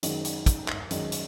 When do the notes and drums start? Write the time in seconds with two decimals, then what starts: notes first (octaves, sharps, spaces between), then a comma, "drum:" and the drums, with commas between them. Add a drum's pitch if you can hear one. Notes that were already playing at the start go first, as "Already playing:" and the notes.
0.03 F#2 D#3 G#3 D#4, drum: hi-hat
0.25 drum: hi-hat
0.46 drum: kick, hi-hat
0.68 drum: clap
0.91 F#2 D#3 G#3 D#4, drum: hi-hat
1.12 drum: hi-hat